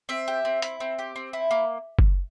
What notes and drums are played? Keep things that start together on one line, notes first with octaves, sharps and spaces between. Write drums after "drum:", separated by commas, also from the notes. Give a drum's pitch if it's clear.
C4 E5
G4
C4
E4, drum: hi-hat
C4
G4
C4
E4
A#3
drum: kick F#1